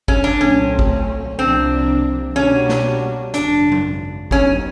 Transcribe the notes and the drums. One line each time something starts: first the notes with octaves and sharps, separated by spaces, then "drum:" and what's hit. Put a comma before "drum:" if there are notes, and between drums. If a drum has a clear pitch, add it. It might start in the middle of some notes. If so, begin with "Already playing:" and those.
C#4, drum: kick
D4
C2 A#2 F#3 A3 C4 C#4
drum: kick
C2 C3 F3 A#3 C4 D4
B2 G3 A#3 C#4 D4 F#4
drum: snare
G#1 F#2 C#3 D4, drum: hi-hat
drum: tom F#3
D#2 D#3 F#3 B3 C#4, drum: kick